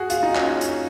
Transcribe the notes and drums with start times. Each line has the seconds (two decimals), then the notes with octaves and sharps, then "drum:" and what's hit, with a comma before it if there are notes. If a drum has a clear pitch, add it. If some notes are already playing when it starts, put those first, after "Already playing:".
Already playing: F#4 G#4
0.10 F4, drum: hi-hat
0.23 D#4
0.36 C#4, drum: clap
0.61 drum: hi-hat